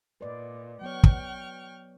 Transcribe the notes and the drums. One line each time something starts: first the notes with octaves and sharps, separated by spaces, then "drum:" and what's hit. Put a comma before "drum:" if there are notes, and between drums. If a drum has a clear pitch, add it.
A#2 B4 D5 D#5
F#3 B3 C#5 G5 C#6 F6
drum: kick